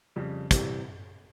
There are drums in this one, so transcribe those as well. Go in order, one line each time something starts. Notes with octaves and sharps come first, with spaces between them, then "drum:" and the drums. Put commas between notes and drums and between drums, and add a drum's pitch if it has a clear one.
F2 C#3 G3
C3 E3 G3, drum: kick, hi-hat